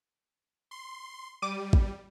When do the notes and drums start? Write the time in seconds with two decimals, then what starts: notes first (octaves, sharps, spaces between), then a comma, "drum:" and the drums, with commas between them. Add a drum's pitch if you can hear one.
0.71 C6
1.42 G3 D6 D#7
1.73 drum: kick A1